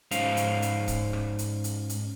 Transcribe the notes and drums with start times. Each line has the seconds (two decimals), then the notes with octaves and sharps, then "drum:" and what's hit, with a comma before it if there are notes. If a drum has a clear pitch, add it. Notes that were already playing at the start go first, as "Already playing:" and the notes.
0.11 G#2 C#4 C5 F5, drum: hi-hat
0.37 drum: hi-hat
0.62 drum: hi-hat
0.88 drum: kick C#1, hi-hat
1.13 drum: rim click
1.39 drum: hi-hat
1.64 drum: hi-hat
1.89 drum: hi-hat